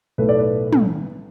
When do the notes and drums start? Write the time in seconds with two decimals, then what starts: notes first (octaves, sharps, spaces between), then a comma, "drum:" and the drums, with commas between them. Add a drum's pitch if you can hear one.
0.18 B1 A2 A3 B4
0.29 D5
0.39 B4
0.73 drum: tom